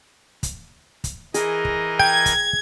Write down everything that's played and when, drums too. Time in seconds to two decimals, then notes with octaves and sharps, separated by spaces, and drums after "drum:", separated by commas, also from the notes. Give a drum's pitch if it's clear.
0.43 drum: kick, hi-hat
1.04 drum: kick, hi-hat
1.34 E3 G#4 A#4 D#5, drum: hi-hat
1.65 drum: kick
1.99 G5 G#6
2.26 drum: kick, hi-hat